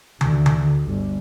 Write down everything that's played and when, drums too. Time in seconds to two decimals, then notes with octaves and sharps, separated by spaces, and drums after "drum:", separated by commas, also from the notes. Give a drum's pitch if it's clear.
0.21 D2, drum: tom D3
0.46 drum: tom D3
0.86 G1